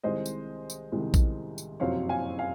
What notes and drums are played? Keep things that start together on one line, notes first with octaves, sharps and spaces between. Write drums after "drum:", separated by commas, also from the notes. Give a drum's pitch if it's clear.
C2 C3 D#3 G#3 C5 D#5
drum: tambourine
drum: tambourine
C2 C3 D#3 G#3
drum: kick A#1, tambourine
drum: tambourine
F#1 F2 C3 F#3 C4 C#5 F5
F5 G#5
F5 G#5